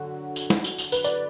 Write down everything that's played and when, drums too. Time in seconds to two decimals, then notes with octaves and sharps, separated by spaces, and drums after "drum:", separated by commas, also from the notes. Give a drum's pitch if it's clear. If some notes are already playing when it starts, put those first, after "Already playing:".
Already playing: D3 F#3 F#4
0.36 drum: tambourine
0.50 drum: snare
0.64 drum: tambourine
0.78 drum: tambourine
0.92 B4, drum: tambourine
1.04 D5, drum: tambourine